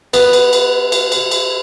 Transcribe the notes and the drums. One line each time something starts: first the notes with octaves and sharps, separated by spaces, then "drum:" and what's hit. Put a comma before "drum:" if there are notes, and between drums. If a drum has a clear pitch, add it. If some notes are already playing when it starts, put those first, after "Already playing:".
B3, drum: cymbal
drum: cymbal
drum: cymbal
drum: cymbal
drum: cymbal
drum: cymbal